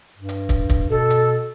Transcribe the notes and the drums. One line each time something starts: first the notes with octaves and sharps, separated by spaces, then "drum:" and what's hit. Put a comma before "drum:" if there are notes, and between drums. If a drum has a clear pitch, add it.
G2
drum: hi-hat
drum: kick, hi-hat
drum: kick, hi-hat
B2 A4
drum: hi-hat